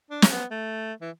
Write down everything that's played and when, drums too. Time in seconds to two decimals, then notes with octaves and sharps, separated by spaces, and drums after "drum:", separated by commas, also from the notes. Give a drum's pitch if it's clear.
0.11 D4
0.22 drum: snare
0.32 B3
0.51 A3
1.02 E3